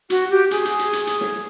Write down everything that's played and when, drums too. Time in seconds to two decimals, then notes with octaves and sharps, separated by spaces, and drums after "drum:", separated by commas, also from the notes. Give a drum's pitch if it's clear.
0.10 F#4, drum: hi-hat
0.30 G4
0.51 G#4, drum: hi-hat
0.65 drum: hi-hat
0.79 drum: hi-hat
0.93 drum: hi-hat
1.07 drum: hi-hat
1.21 drum: snare